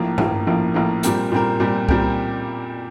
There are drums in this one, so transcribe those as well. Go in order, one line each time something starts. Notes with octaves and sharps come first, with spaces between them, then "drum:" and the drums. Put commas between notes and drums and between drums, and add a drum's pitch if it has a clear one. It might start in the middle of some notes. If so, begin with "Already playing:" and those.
Already playing: A#1 A2 F3 A#3
A#1 A2 F3 A#3, drum: tom G2
A#1 A2 F3 A#3
A#1 A2 F3 A#3
A#2 G3 C4 G4 A#4, drum: hi-hat
A#2 G3 C4 G4 A#4
A#2 G3 C4 G4 A#4
A#2 G3 C4 G4 A#4, drum: kick C2